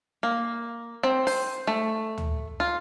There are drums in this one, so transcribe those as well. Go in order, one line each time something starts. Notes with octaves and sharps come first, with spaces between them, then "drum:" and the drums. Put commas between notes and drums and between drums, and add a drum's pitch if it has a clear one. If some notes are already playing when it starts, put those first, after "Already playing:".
A#3
C4
C5, drum: open hi-hat
A3
drum: tom D2
F4